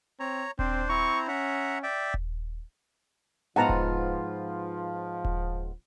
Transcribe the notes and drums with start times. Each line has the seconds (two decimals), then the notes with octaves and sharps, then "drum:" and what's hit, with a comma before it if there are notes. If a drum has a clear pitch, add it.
0.20 C4 C#5 A#5
0.59 C4 D4 C5, drum: kick D#1
0.89 C4 E4 A#5 C#6
1.28 C#4 E5 F#5 A#5
1.83 D5 E5 G5
2.14 drum: kick D#1
3.56 G#2 F3 B3 F4 F#5 A5 A#5
3.69 drum: kick D#1
5.25 drum: kick D#1